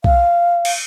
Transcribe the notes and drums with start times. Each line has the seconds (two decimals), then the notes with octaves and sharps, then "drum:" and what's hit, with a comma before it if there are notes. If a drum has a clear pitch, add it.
0.04 F5, drum: kick
0.65 drum: cymbal